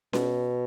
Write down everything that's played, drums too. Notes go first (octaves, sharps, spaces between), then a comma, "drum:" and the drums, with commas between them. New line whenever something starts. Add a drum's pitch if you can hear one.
B2, drum: snare C#4